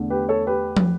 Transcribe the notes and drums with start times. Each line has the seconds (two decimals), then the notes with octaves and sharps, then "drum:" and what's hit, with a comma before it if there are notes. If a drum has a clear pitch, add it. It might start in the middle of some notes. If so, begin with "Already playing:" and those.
Already playing: E2 D3 A3
0.10 G4 B4
0.29 A4 C#5
0.47 G4 B4
0.77 drum: tom